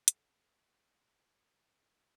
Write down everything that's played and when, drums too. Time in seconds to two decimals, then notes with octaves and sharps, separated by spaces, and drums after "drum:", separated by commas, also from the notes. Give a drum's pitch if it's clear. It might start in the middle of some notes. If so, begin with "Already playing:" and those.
0.08 G#4 A4 F#5 C7, drum: hi-hat